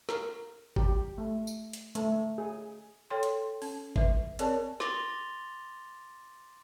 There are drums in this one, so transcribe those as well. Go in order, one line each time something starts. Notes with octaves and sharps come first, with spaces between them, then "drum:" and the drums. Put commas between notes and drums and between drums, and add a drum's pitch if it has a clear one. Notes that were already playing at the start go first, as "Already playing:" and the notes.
A#4, drum: snare
G4, drum: kick G#1
A3
drum: tambourine
drum: hi-hat
A3, drum: hi-hat
G#4
A4 C#5 G5 C6
drum: hi-hat
C#4, drum: open hi-hat
B4 E5, drum: kick G#1
C4 G#4 A#4 C#5 D5 A5, drum: hi-hat
C6 D6 A6 A#6 F7 G7, drum: snare